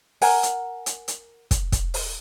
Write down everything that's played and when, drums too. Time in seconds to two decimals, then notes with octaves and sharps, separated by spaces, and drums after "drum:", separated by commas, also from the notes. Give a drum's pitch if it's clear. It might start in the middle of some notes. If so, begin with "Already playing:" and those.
0.22 A#4 F#5 G#5 A#5, drum: open hi-hat
0.43 drum: hi-hat
0.86 drum: hi-hat
1.08 drum: hi-hat
1.51 drum: kick, hi-hat
1.72 drum: kick, hi-hat
1.94 drum: open hi-hat